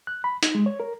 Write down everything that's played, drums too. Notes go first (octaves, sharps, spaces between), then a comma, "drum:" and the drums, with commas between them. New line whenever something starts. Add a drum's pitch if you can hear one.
F#6
B5
D#4, drum: hi-hat
G#3
C#5
A#4